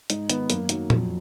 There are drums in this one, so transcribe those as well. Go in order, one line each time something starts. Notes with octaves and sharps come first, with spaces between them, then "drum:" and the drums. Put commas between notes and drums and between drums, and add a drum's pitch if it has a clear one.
G#2 D#4, drum: hi-hat
D#3 B3, drum: hi-hat
F#2 A#3, drum: hi-hat
D#3 F#3, drum: hi-hat
F2, drum: tom A#2